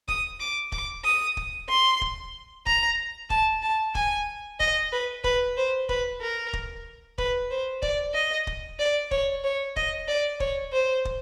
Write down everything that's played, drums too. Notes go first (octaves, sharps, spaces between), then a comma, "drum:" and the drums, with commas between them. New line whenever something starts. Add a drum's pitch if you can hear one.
D#6, drum: kick
D6
D6, drum: kick
D#6
drum: kick
C6
drum: kick
A#5, drum: kick
A5, drum: kick
A5
G#5, drum: kick
D#5, drum: kick
B4
B4, drum: kick
C5
B4, drum: kick
A#4
drum: kick
B4, drum: kick
C5
D5, drum: kick
D#5
drum: kick
D5
C#5, drum: kick
C#5
D#5, drum: kick
D5
C#5, drum: kick
C5
drum: kick